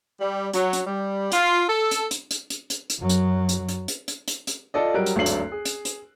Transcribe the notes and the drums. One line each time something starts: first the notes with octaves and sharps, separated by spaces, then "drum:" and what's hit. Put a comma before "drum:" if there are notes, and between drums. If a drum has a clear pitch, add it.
G3
F#3, drum: hi-hat
drum: hi-hat
G3
F4, drum: hi-hat
A4
drum: hi-hat
drum: hi-hat
drum: hi-hat
drum: hi-hat
drum: hi-hat
drum: hi-hat
F#2 F#3
drum: hi-hat
drum: hi-hat
drum: hi-hat
drum: hi-hat
drum: hi-hat
drum: hi-hat
drum: hi-hat
F4 A4 D5 D#5
F#3 G3 A#4 F#6 D7
drum: hi-hat
G#1 D2 F#3 D4 C7 F#7
drum: hi-hat
G#4
drum: hi-hat
drum: hi-hat